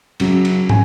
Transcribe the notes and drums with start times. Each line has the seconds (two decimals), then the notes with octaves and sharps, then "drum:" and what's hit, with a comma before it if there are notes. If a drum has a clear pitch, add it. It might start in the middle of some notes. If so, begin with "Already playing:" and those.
0.20 F#2 C#3 F#3, drum: cymbal
0.45 drum: cymbal
0.69 G#5, drum: tom